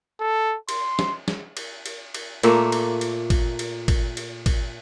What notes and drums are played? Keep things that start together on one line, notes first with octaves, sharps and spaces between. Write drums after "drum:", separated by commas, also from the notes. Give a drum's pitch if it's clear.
A4
C6, drum: cymbal
drum: snare
drum: snare
drum: cymbal
drum: cymbal
drum: cymbal
A#2 A3 A#3 E5, drum: cymbal
drum: cymbal
drum: cymbal
drum: kick, cymbal
drum: cymbal
drum: kick, cymbal
drum: cymbal
drum: kick, cymbal